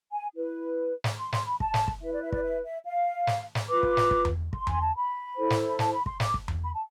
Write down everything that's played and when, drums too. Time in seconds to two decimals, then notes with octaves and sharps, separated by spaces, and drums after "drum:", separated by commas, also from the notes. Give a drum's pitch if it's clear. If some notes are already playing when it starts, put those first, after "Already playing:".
0.13 G#5
0.34 E4 B4
1.04 drum: snare
1.18 C6
1.32 C6, drum: snare
1.46 B5
1.60 A5, drum: kick
1.74 drum: snare
1.88 drum: kick
2.01 E4 B4 E5
2.13 D5
2.22 E5
2.32 D5, drum: kick
2.44 E5
2.64 E5
2.85 F5
3.27 drum: snare
3.55 drum: snare
3.68 F4 B4 D6
3.83 drum: kick
3.97 drum: snare
4.11 drum: kick
4.25 drum: tom E2
4.53 C6, drum: kick
4.67 G#5, drum: tom E2
4.80 A5
4.95 B5
5.36 E4 A4 C5
5.50 drum: snare
5.67 B5
5.79 A5, drum: snare
5.92 B5
6.06 C6, drum: kick
6.20 D6, drum: snare
6.34 drum: kick
6.48 drum: tom E2
6.62 B5
6.73 A5